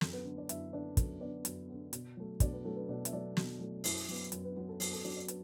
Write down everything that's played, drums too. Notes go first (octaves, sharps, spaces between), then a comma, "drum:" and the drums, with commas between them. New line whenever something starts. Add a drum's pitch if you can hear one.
F#2 A4, drum: snare
B3 B4
D3 B3
D4 D5
F#2 E4 E5, drum: hi-hat
D3 B3 D4 D5
F#2 A4, drum: kick, hi-hat
D3 B3 D4 D5
F#2, drum: hi-hat
D3 B3
B2, drum: hi-hat
F#3 A3
B2 D4 D5, drum: kick, hi-hat
B3 B4
F#3 A3 A4
B3 B4
B2 D4 D5
E5, drum: hi-hat
F#3 A3 D4 D5
B2, drum: snare
F#3 A3
F#2 E4 E5, drum: open hi-hat
F#3 B3
F#2, drum: hi-hat
B3 B4
F#3 B3 B4
A4
F#2 F#4, drum: open hi-hat
A4
F#3 B3 D4 D5
D4 D5
B4, drum: hi-hat